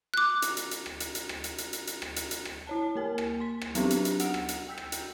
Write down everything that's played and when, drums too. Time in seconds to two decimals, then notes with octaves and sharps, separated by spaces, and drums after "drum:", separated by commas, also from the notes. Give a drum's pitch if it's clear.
0.14 D6 F#6
0.42 drum: hi-hat
0.57 drum: hi-hat
0.71 drum: hi-hat
0.86 drum: rim click
1.00 drum: hi-hat
1.15 drum: hi-hat
1.29 drum: rim click
1.44 drum: hi-hat
1.58 drum: hi-hat
1.73 drum: hi-hat
1.87 drum: hi-hat
2.02 drum: rim click
2.16 drum: hi-hat
2.31 drum: hi-hat
2.45 drum: rim click
2.67 E4 C#5 A5
2.95 A#3 A#4 G#5
3.18 drum: rim click
3.40 C6 B6
3.61 drum: rim click
3.75 F#3 B3 C4 D4 D#4 G4, drum: hi-hat
3.90 drum: hi-hat
4.05 drum: hi-hat
4.20 F#5 E6 F6 D7 F7, drum: hi-hat
4.34 drum: rim click
4.49 drum: hi-hat
4.68 G5 E6 G6 B6
4.78 drum: rim click
4.92 drum: hi-hat